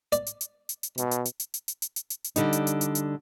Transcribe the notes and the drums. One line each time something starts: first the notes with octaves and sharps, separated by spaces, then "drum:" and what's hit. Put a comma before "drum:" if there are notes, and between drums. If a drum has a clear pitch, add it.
D5, drum: hi-hat
drum: hi-hat
drum: hi-hat
drum: hi-hat
drum: hi-hat
B2, drum: hi-hat
drum: hi-hat
drum: hi-hat
drum: hi-hat
drum: hi-hat
drum: hi-hat
drum: hi-hat
drum: hi-hat
drum: hi-hat
drum: hi-hat
D3 G3 D#4, drum: hi-hat
drum: hi-hat
drum: hi-hat
drum: hi-hat
drum: hi-hat